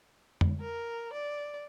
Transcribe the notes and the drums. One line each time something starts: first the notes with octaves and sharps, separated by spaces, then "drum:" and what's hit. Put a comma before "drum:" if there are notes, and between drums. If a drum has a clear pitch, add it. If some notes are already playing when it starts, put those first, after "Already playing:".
drum: tom
A#4
D5